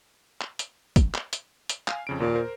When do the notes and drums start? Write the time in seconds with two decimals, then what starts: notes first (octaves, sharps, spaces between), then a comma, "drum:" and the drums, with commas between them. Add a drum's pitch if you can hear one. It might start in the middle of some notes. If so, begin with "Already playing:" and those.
0.41 drum: clap
0.59 drum: hi-hat
0.96 drum: kick, hi-hat
1.14 drum: clap
1.33 drum: hi-hat
1.69 drum: hi-hat
1.88 F5 G#5, drum: clap
2.07 F2 C#3 D7
2.20 D#2 A#2
2.35 A#4 C5